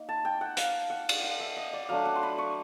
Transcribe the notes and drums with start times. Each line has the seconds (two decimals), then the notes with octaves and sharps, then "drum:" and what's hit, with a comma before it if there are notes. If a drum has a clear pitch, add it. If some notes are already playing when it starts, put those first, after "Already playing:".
Already playing: A#3 D#4
0.09 A5
0.25 G5
0.41 F#5
0.57 F5, drum: hi-hat
0.90 F#5
1.09 drum: cymbal
1.23 F5
1.40 E5
1.56 D#5
1.73 D5
1.89 F#3 A3 D4 F5
2.05 F#5
2.15 C6
2.23 B5
2.38 C#6